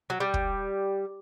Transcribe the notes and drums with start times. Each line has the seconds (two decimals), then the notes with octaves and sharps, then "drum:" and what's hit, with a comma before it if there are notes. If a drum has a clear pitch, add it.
0.10 F#3
0.20 G3
0.34 drum: kick